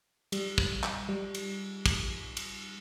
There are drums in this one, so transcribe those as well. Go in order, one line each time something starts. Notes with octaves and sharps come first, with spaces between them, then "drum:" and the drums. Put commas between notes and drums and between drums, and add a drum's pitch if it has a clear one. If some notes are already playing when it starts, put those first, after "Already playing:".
G3, drum: cymbal
drum: kick
drum: clap
G3
drum: cymbal
drum: kick, cymbal
drum: cymbal